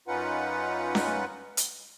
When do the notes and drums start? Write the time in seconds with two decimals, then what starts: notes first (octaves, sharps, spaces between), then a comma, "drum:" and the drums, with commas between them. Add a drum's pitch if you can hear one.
0.08 F#2 C#4 D#4 F4 B4 F#5
0.95 drum: snare C#4
1.57 drum: hi-hat